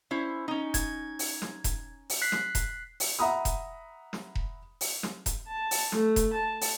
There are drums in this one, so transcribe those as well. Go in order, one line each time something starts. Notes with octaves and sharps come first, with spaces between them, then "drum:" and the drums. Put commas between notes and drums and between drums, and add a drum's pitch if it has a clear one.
C#4 E4 C5
C#4 D#4
G#6, drum: kick E1, hi-hat
drum: open hi-hat
drum: snare
drum: kick E1, hi-hat
drum: open hi-hat
F#6 B6 C7
drum: snare
drum: kick E1, hi-hat
drum: open hi-hat
E5 F#5 A#5 B5 D#6
drum: kick E1, hi-hat
drum: snare
drum: kick E1
drum: open hi-hat
drum: snare
drum: kick E1, hi-hat
A5
drum: open hi-hat
A3, drum: snare
drum: kick E1, hi-hat
A5
drum: open hi-hat